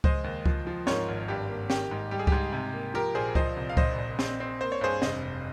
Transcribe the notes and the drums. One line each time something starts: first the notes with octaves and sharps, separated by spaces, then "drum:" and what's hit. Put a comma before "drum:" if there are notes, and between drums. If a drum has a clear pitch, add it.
G#3 C5 D#5, drum: kick C#2
D#2
F3, drum: kick C#2
F3
G#2 A#4 C#5, drum: snare
G#1
G2 G4
A#3
D#3 G4, drum: snare
G#2
G3 G4
G#4
G#2 G4, drum: kick C#2
C3
A#3
F3 G4 A#4
A#1 G#4 C5
F3 C5 D#5, drum: kick C#2
C2
F5
A#1 C5 D#5, drum: kick C#2
A#1
C4, drum: snare
C4
A#3 C5
C#5
G2 G#4 C5
F1 C5 D#5, drum: snare
F1